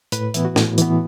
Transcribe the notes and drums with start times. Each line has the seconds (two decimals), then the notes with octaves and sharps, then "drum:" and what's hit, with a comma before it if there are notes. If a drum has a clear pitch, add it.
0.12 A2 B4, drum: hi-hat
0.34 E3 B3 E4, drum: hi-hat
0.45 F#4
0.56 A2, drum: snare
0.78 E3 B3, drum: hi-hat